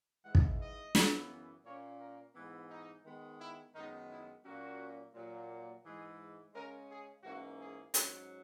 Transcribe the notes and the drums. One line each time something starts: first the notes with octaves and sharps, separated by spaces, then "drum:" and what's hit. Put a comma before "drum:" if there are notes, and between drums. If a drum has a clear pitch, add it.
G#2 E3 G#3 F#5
drum: kick
D#5
F#2 C#3 E3 B3, drum: snare
A#2 A#3 C#4 C#5
A#4
G#2 E3 B3
D#4
D#3 G#3 B3
E4
F#2 D#3 G#3 B3 D#4
E4
A#2 F#3 A#3 C#4 F#4
A#2 F#3 A#3
G#2 E3 G#3 G#4
C#3 G#3 C#4 A#4
G#4
G#2 E3 A#3 C#4 F#4
G#4
G#2 F#3 C#4, drum: hi-hat